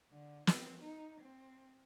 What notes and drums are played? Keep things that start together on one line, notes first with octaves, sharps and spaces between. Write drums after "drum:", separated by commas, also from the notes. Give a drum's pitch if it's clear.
D3
C4, drum: snare
D#4
C4